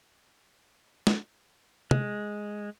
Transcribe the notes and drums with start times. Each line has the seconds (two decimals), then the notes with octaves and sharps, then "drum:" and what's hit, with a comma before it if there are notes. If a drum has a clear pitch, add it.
1.07 drum: snare
1.91 G#3, drum: tom